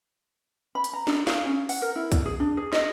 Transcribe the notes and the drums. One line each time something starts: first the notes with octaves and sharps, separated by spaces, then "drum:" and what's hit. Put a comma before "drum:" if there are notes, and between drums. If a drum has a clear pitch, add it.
B5
drum: hi-hat
A#5
D4, drum: snare
F5, drum: snare
C#4
F#5, drum: open hi-hat
A#4
E4
drum: kick, hi-hat
G#4
D4
G#4
D#5, drum: snare